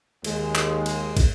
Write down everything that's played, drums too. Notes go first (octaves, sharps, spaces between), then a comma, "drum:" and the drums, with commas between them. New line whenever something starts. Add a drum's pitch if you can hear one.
D#2 G#3, drum: cymbal
drum: clap
drum: cymbal
drum: kick, cymbal